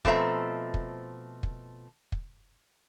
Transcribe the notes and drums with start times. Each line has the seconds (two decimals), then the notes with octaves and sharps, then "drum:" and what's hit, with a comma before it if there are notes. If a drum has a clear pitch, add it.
0.05 B2 F3 A3 C4 E5 A#5, drum: kick
0.74 drum: kick
1.43 drum: kick
2.12 drum: kick